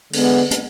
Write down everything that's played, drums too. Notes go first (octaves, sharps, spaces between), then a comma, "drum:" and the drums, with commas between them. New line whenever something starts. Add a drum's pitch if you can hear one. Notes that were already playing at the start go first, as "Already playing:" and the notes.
D3 G#3 B3, drum: open hi-hat
drum: hi-hat